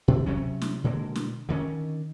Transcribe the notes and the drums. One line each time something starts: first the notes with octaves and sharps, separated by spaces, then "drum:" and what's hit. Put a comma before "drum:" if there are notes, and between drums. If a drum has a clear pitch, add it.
B2
C3 F#3 C#4, drum: kick D#2
drum: snare
B2 D3 G#3 A#3
drum: snare
D3 D#3 G#3 C#4